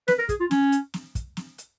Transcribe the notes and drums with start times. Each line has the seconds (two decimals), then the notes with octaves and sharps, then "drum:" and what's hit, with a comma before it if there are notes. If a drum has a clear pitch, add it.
0.08 B4, drum: snare
0.19 A#4
0.29 G#4, drum: kick, hi-hat
0.40 F4
0.51 C#4, drum: snare
0.72 drum: hi-hat
0.94 drum: snare
1.15 drum: kick, hi-hat
1.37 drum: snare
1.58 drum: hi-hat